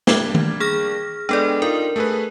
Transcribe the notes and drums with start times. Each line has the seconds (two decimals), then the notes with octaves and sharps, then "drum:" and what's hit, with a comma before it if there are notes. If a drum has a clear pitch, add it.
0.07 G3 A#3 D4 D6 G#6, drum: snare
0.34 drum: tom D#3
0.60 G#4 F6 A#6
1.29 G#3 B3 D4 A4 D5
1.62 D#4 F4 A#4
1.96 A3 G#4 B4